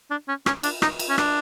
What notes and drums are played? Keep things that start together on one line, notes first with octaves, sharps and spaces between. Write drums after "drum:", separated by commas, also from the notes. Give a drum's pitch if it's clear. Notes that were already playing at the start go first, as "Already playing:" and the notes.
D4
C#4
C#4, drum: rim click
D4, drum: cymbal
D#4, drum: rim click
drum: cymbal
C#4
D4, drum: rim click